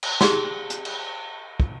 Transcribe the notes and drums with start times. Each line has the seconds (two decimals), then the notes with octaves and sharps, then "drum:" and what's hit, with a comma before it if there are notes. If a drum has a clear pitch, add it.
0.03 drum: cymbal
0.21 G4 G#4 C6, drum: snare
0.70 drum: hi-hat
0.85 drum: cymbal
1.60 drum: kick